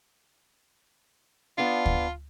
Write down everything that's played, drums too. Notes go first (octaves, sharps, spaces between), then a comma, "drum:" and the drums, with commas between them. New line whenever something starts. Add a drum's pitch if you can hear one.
B3 D4 F4
drum: kick